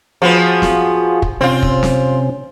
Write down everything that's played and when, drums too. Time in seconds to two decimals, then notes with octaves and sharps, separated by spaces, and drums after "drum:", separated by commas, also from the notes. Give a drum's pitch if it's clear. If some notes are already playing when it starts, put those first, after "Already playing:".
0.22 F3 B3 F4 F#4 G#4
0.62 drum: snare
1.22 drum: kick
1.41 C3 C4 C#4 F4
1.63 drum: kick
1.83 drum: snare